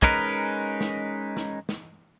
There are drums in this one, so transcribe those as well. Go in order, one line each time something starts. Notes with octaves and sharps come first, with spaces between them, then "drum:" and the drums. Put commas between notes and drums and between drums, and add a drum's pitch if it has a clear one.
G#3 C#4 D#4 A#4 B4, drum: kick
drum: snare
drum: snare
drum: snare